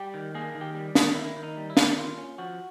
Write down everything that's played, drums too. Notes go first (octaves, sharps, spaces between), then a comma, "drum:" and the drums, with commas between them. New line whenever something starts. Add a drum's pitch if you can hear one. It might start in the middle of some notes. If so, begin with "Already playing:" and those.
Already playing: G3 G4
D#3
A#3 G#4
D#3
G4
G3
D#3, drum: snare
A#3 E4
D#3
D#4
G3
E4
D#3, drum: snare
A#3 F4
C#4
F3 F#4